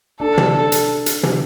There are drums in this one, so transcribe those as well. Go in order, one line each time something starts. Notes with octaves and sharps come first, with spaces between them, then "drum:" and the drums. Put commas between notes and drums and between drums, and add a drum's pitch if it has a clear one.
D4 A4
drum: tom
drum: hi-hat
drum: hi-hat
drum: tom